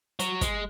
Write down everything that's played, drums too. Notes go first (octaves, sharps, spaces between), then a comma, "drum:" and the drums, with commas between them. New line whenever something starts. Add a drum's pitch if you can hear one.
F#3, drum: hi-hat
G#3, drum: kick, hi-hat